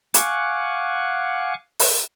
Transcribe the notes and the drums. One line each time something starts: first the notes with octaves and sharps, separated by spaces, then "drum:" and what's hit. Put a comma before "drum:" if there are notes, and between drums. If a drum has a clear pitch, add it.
F5 F#5 G#5 C#6 D6 F#6, drum: hi-hat
drum: open hi-hat